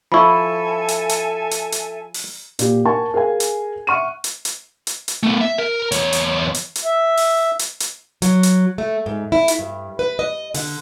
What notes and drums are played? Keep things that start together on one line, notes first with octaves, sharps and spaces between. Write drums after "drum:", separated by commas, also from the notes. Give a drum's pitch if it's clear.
F3 E4 A4 E5 G#5 B5 C#6
drum: hi-hat
drum: hi-hat
drum: hi-hat
drum: hi-hat
drum: open hi-hat
A#2 G4, drum: hi-hat
A#4 F#5 G#5 A5 C#6
G#4 A#4 F5 G#5
drum: hi-hat
E5 F#5 C#6 F6 D#7
drum: hi-hat
drum: hi-hat
drum: hi-hat
drum: hi-hat
A3 B3
E5
A#4
E2 C#5, drum: hi-hat
drum: hi-hat
drum: hi-hat
drum: hi-hat
E5
drum: open hi-hat
drum: hi-hat
drum: hi-hat
F#3, drum: hi-hat
drum: hi-hat
A3
G#2
E4
drum: hi-hat
G2
B4
D#5
D3, drum: open hi-hat